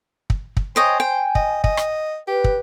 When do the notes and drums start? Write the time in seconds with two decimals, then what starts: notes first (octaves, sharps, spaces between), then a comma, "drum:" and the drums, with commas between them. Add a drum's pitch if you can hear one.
0.30 drum: kick
0.57 drum: kick
0.76 C5 C#5 D#5 G5 G#5
1.00 G5
1.35 D#5, drum: kick
1.64 D#5, drum: kick
1.77 drum: rim click
2.28 G4 B4
2.44 drum: kick